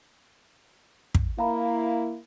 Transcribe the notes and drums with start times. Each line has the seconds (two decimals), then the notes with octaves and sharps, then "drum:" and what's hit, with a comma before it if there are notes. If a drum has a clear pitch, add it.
1.15 drum: kick
1.39 A#3 E4 F5 A#5 B5